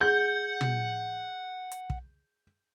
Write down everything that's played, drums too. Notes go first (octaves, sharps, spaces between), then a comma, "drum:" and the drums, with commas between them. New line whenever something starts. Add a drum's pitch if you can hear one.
G#4 F#5 G6
drum: tom
drum: hi-hat
drum: kick